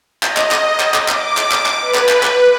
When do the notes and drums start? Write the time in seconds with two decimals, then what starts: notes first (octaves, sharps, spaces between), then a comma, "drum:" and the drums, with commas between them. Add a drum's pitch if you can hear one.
0.23 D#5, drum: clap
0.37 drum: clap
0.51 drum: clap
0.80 drum: clap
0.94 drum: clap
1.08 D6, drum: clap
1.37 drum: clap
1.52 drum: clap
1.66 drum: clap
1.80 B4
1.94 drum: clap
2.09 drum: clap
2.23 drum: clap